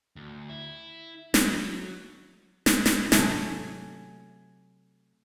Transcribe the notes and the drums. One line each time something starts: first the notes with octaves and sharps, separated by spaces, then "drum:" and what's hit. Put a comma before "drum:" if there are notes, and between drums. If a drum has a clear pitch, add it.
D2
E4
F#3, drum: snare
drum: snare
drum: snare
G#1 C3 F#3 A3 G#5, drum: snare